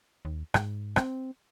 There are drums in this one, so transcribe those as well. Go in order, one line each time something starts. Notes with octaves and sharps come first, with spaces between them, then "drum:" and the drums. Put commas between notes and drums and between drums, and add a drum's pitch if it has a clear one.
D#2
G#2, drum: rim click
C4, drum: rim click